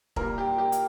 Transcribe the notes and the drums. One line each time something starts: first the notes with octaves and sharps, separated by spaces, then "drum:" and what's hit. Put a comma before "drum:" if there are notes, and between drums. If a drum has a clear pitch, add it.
A#2 G3 A#3 A#4, drum: kick E1
G4
G4
drum: hi-hat